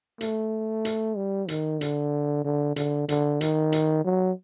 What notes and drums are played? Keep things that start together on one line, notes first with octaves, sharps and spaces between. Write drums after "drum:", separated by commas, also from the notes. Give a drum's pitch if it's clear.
A3, drum: hi-hat
drum: hi-hat
G3
D#3, drum: hi-hat
D3, drum: hi-hat
D3
D3, drum: hi-hat
D3, drum: hi-hat
D#3, drum: hi-hat
drum: hi-hat
F#3